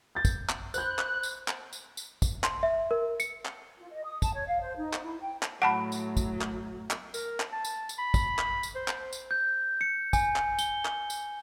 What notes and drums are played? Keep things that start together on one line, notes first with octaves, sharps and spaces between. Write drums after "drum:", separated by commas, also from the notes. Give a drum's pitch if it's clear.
G6 A6
drum: kick, tambourine
drum: clap
C5 B5 F#6 G6, drum: tambourine
drum: clap
drum: tambourine
drum: clap
drum: tambourine
drum: tambourine
drum: kick, tambourine
C6, drum: clap
E5
A#4
C#7, drum: tambourine
drum: clap
F4
D#5
D#6
A5, drum: kick, tambourine
C#5
F5
C5
D#4
drum: clap
E4
G5
drum: clap
A2 F#3 F#5 A5 B5
drum: tambourine
drum: kick, tambourine
drum: clap
drum: clap
A#4, drum: tambourine
drum: clap
A5
drum: tambourine
drum: tambourine
B5
drum: kick, tambourine
drum: clap
drum: tambourine
C5
drum: clap
drum: tambourine
G6
C#7
G#5, drum: kick, tambourine
drum: clap
G7, drum: tambourine
drum: clap
drum: tambourine